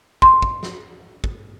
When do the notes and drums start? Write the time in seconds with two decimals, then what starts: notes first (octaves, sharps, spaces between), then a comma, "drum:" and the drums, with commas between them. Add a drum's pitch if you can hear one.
0.22 C6, drum: kick
0.42 drum: kick
0.63 drum: snare
1.24 drum: kick